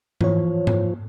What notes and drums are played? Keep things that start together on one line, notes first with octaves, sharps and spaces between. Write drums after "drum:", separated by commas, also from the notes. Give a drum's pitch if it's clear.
E3 F3 C#5, drum: tom G#2
drum: tom G#2